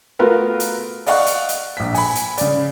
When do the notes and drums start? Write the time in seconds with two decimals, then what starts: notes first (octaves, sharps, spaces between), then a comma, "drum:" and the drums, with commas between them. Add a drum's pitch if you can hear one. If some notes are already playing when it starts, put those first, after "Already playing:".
0.19 A3 B3 F4 F#4 A#4 B4
0.60 drum: hi-hat
1.07 D5 D#5 F5 F#5 C#6 F#6, drum: open hi-hat
1.26 drum: hi-hat
1.49 drum: hi-hat
1.77 A#1 B6
1.95 G#5 B5, drum: open hi-hat
2.15 drum: hi-hat
2.38 C#3 D5, drum: hi-hat